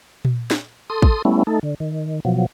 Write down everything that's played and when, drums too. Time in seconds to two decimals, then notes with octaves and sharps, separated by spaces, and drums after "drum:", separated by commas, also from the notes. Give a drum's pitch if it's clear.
0.25 drum: tom A#2
0.51 drum: snare
0.90 A4 C6 D#6
1.02 drum: kick
1.25 G3 A3 B3 C#4 E4
1.47 A3 D#4 A4
1.63 D3
1.80 D#3
2.25 B2 F3 F#3